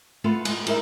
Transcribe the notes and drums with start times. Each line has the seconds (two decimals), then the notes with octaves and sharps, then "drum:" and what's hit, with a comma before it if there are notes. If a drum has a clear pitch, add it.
0.24 A3 B3 F4 A4
0.45 G#3, drum: cymbal
0.67 D#4 E4 G#4 A#4 D#5 E5, drum: cymbal